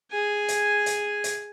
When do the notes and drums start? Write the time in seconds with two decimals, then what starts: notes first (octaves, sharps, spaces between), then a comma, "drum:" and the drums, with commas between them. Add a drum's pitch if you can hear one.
0.11 G#4 G#5
0.48 drum: hi-hat
0.86 drum: hi-hat
1.24 drum: hi-hat